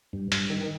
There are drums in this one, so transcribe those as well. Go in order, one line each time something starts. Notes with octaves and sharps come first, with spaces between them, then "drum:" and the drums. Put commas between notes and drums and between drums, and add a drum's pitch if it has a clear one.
G2
G2, drum: hi-hat
D#3